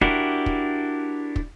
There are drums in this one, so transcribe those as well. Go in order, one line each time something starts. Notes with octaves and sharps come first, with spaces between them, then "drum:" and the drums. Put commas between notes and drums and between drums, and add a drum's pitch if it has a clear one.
D4 E4 F#4 G4 A#4, drum: kick
drum: kick
drum: kick